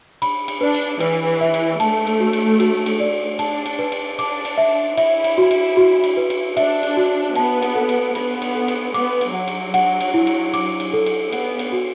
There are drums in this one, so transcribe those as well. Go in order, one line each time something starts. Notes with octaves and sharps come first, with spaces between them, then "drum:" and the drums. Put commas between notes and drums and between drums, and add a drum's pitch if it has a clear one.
B5, drum: cymbal
drum: cymbal
D4 B4
drum: cymbal
E3 B4, drum: cymbal
E5
drum: cymbal
A3 A5, drum: cymbal
drum: cymbal
F#4
drum: cymbal
F#4, drum: cymbal
drum: cymbal
D5
D4 A5, drum: cymbal
drum: cymbal
B4
drum: cymbal
D4 D6, drum: cymbal
drum: cymbal
E5
E4 E5, drum: cymbal
drum: cymbal
F#4
drum: cymbal
F#4
drum: cymbal
B4
drum: cymbal
D4 E5, drum: cymbal
drum: cymbal
F#4
B3 A5, drum: cymbal
drum: cymbal
A4
drum: cymbal
B3 B5, drum: cymbal
drum: cymbal
A4
drum: cymbal
B3 D6, drum: cymbal
drum: cymbal
F#3 F#5
drum: cymbal
F#5, drum: cymbal
drum: cymbal
E4
drum: cymbal
D6, drum: cymbal
drum: cymbal
A4
drum: cymbal
B3 F#5, drum: cymbal
drum: cymbal
F#4